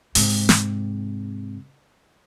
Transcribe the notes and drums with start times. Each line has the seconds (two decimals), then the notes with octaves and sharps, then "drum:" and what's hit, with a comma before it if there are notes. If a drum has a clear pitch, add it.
0.15 G#2 C3, drum: open hi-hat
0.49 drum: snare